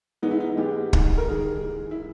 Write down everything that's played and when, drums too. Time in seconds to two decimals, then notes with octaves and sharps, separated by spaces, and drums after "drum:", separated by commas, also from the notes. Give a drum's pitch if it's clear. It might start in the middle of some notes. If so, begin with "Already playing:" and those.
0.22 G#2 E3 G#3 B3 D#4
0.31 E4
0.40 D#4
0.57 G#2 E3 G#3 B3 G4
0.93 G#2 D#3 G3, drum: kick
1.18 A#4
1.28 G#2 D#3 G3 G#4
1.63 G#2 E3 G#3
1.91 E4